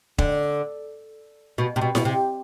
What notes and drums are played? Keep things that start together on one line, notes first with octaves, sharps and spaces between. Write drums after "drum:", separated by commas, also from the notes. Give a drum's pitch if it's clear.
D3, drum: kick E1
B2
C3
B2
B2, drum: snare E4
C3